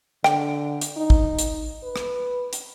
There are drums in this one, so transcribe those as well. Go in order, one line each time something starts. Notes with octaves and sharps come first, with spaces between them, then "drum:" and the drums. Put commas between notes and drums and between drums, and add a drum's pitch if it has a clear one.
D3 G5, drum: rim click
drum: hi-hat
D#4
drum: kick
drum: hi-hat
B4
drum: rim click
drum: hi-hat